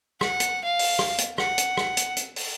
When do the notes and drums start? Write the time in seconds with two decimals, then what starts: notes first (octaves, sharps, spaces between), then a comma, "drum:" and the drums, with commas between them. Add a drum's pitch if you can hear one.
0.21 F#5, drum: rim click
0.40 drum: hi-hat
0.64 F5
0.79 drum: open hi-hat
0.99 drum: rim click
1.18 drum: hi-hat
1.38 F#5, drum: rim click
1.58 drum: hi-hat
1.77 drum: rim click
1.97 drum: hi-hat
2.17 drum: hi-hat
2.36 drum: open hi-hat